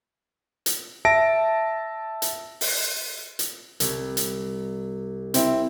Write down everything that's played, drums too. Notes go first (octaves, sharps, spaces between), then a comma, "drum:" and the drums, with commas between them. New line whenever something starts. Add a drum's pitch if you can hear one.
drum: hi-hat
E5 A5 A#6 D7
drum: hi-hat
drum: open hi-hat
drum: hi-hat
C2, drum: hi-hat
drum: hi-hat
C4 E4, drum: hi-hat